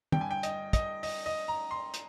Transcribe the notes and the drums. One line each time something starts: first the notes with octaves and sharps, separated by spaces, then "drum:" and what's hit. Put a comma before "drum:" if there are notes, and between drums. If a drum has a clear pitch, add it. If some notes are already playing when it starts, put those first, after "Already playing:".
G2 D3 G5, drum: tom
G#5
G5
D#5, drum: hi-hat
D#5, drum: kick, hi-hat
D#5, drum: open hi-hat
D#5
A#5
C6
drum: hi-hat